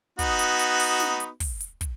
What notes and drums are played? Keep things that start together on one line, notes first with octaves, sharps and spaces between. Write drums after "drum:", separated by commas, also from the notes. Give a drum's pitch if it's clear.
B3 D#4 F#4, drum: kick, hi-hat
drum: hi-hat
drum: hi-hat
drum: open hi-hat
drum: snare
drum: hi-hat
drum: kick, open hi-hat
drum: hi-hat
drum: kick, hi-hat